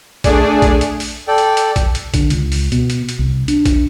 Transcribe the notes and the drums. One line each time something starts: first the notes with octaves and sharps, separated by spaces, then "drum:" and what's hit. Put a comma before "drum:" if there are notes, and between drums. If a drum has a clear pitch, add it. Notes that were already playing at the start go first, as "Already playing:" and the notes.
A3 D4 G#4 D5, drum: kick A#1, hi-hat
drum: kick A#1, hi-hat
drum: hi-hat
drum: open hi-hat
A4 D5 G5
drum: hi-hat
drum: hi-hat
drum: kick A#1, hi-hat
drum: hi-hat
D3, drum: kick A#1, hi-hat
C#2, drum: hi-hat
drum: open hi-hat
B2, drum: hi-hat
drum: hi-hat
drum: hi-hat
C2
D4, drum: hi-hat
drum: kick A#1, hi-hat